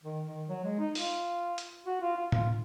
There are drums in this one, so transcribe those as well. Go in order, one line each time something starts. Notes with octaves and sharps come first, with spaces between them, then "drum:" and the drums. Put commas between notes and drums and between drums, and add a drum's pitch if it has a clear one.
D#3
D#3
F#3
G#3
D#4
F4, drum: open hi-hat
drum: hi-hat
F#4
F4
F4
F4, drum: tom A2